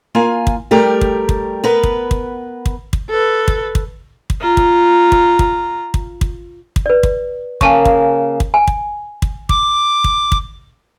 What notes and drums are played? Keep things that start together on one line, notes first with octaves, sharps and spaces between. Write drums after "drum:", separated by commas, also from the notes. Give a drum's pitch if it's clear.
A#3 F4 G#5
drum: kick
G3 A3 G4 A#4
drum: kick
drum: kick
B3 A#4 B4
drum: kick
drum: kick
drum: kick
drum: kick
A4 B4
drum: kick
drum: kick
drum: kick
F4 A#5
drum: kick
drum: kick
drum: kick
drum: kick
drum: kick
drum: kick
B4 D5
drum: kick
C#3 A#3 G#5 A5 C#6, drum: kick
drum: kick
drum: kick
G#5
drum: kick
drum: kick
D6, drum: kick
drum: kick
drum: kick